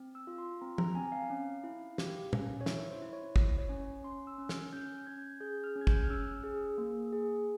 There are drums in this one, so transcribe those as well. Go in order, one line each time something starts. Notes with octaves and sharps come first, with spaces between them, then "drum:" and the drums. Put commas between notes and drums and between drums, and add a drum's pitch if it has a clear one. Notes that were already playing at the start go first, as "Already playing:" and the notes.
Already playing: C4
E6
F4
C6
C4 A#5
A#5, drum: tom
C4 G#5
F5
C#4
E4
G4, drum: snare
C#4, drum: tom
C#5
E4 E5, drum: snare
C5
E4
C#5
E4, drum: kick
C#5
C#4
C#5
C#4 C6
E6
C#4
F6, drum: snare
C#4 G6
G6
C#4 G#6
G6
G#4 G6
F6
C#4
G#6
G6, drum: kick
F6
C#4 E6
G#4
A#3
G#4